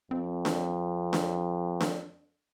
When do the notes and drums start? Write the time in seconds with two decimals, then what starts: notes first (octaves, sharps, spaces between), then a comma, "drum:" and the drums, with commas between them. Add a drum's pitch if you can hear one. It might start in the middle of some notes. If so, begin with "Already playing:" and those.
0.11 F2 C4
0.45 drum: snare D4
1.13 drum: snare D4
1.81 drum: snare D4